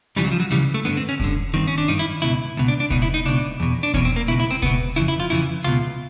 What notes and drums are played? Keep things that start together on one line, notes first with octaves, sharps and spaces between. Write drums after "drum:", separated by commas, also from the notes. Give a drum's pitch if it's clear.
C#2 C#3 E3 G3
F#3
F3
F#3
C#2 C#3 E3 G3
A3
G2 D3 B3
C4
C#4
G2 D3, drum: kick E1
G2 D#3 C4
C#4
D4
G2 D#3 D#4
E4
C#2 B2 E4
C#2 B2
D4
D4
C#2 B2 D#4, drum: kick E1
E4
D#4
C#2 B2 D4
E2 B2
D4
E2 B2 C#4, drum: kick E1
C4
A#3
C#2 B2 E4
E4
C4
C#2 B2 B3, drum: kick E1
F2 C#3 E3 E4
E4
F4
F2 C#3 E3 E4
C#2 B2 F4